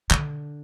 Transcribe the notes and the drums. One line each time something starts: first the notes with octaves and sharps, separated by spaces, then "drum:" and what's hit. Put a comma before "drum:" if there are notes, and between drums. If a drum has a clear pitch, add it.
D3, drum: clap